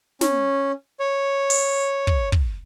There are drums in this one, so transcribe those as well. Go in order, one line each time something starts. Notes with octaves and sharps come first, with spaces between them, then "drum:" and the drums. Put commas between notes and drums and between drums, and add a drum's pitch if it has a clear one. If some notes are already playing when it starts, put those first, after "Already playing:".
C#4, drum: snare
C#5
drum: open hi-hat
drum: kick
drum: kick